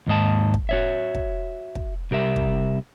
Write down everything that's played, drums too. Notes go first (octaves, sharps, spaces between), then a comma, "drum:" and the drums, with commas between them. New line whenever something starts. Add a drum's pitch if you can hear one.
D#2 G#2 D#5 A5
drum: kick
F#4 C#5 E5
drum: kick
drum: kick
C2 G4 A#4 E5
drum: kick